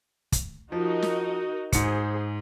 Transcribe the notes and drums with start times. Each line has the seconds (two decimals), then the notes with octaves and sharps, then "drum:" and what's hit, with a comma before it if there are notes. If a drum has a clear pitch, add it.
0.32 drum: kick, hi-hat
0.72 F3 D#4 F#4 A#4
1.02 drum: snare
1.73 G#2 G#4 C5 C#7, drum: kick, hi-hat